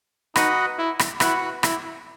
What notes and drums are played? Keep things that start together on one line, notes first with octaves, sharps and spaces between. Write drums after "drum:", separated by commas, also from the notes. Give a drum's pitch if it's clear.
D#4 F#4 B4 D#5 F#5, drum: rim click
E4
drum: rim click
E4 F#4 B4 F#5, drum: rim click
E4, drum: rim click